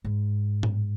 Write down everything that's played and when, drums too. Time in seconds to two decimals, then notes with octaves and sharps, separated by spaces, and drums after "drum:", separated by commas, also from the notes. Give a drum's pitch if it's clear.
0.04 G#2
0.63 drum: tom A2